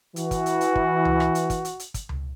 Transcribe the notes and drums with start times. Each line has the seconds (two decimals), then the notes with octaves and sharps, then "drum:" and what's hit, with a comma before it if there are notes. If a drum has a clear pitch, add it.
0.16 E3 F#4, drum: hi-hat
0.31 drum: kick, hi-hat
0.46 drum: hi-hat
0.61 drum: hi-hat
0.76 drum: kick
1.05 drum: tom C#2
1.20 drum: rim click
1.35 drum: hi-hat
1.50 drum: kick, hi-hat
1.65 drum: hi-hat
1.79 drum: hi-hat
1.94 drum: kick, hi-hat
2.09 drum: tom C#2